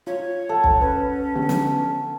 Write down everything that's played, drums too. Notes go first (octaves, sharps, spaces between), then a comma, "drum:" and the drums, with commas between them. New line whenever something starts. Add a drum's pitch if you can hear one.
F4 C#5
A4 F#5
drum: kick
C#4 B4
D3 B3 G4
drum: snare